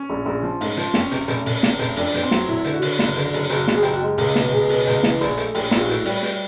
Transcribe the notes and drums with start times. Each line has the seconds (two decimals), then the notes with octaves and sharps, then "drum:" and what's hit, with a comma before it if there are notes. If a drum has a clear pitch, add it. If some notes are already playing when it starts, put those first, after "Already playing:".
Already playing: C#4
0.10 A#1
0.26 A#1
0.43 F3
0.61 G#2, drum: open hi-hat
0.77 F3, drum: hi-hat
0.94 F2 C#4, drum: snare
1.11 C3, drum: hi-hat
1.28 F1, drum: hi-hat
1.46 F1, drum: open hi-hat
1.63 C3, drum: snare
1.79 F1, drum: hi-hat
1.96 F2 D4, drum: open hi-hat
2.14 F2, drum: hi-hat
2.23 C4
2.31 F#3, drum: snare
2.48 F1 E4
2.64 D3, drum: hi-hat
2.73 F#4
2.82 D3, drum: open hi-hat
2.99 F#1, drum: snare
3.16 D3, drum: hi-hat
3.33 F#1, drum: open hi-hat
3.50 F#1 F#4, drum: hi-hat
3.68 F#1, drum: snare
3.75 G#4
3.82 F#1 G4, drum: hi-hat
3.90 F#4
3.97 G#3 G4
4.18 C#2, drum: open hi-hat
4.36 B2, drum: snare
4.52 C#2 G#4
4.69 B2, drum: open hi-hat
4.87 C#2, drum: hi-hat
5.03 E3, drum: snare
5.21 A#1, drum: hi-hat
5.37 A3, drum: hi-hat
5.54 A#1 G4, drum: open hi-hat
5.71 A#1 F4, drum: snare
5.81 F#4
5.89 A2, drum: hi-hat
6.05 G3, drum: open hi-hat
6.23 G3, drum: hi-hat